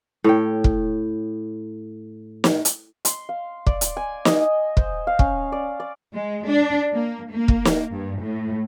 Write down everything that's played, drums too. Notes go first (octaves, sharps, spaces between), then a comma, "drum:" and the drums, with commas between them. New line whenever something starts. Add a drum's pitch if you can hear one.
A2 C#5 G5
drum: kick
drum: snare
drum: hi-hat
C6, drum: hi-hat
F5
D5, drum: kick
drum: hi-hat
G#5
D#5, drum: snare
C5, drum: kick
F5
C#4, drum: kick
D5
D5
G#3
D4
A#3
A#3
drum: kick
drum: snare
G2
A2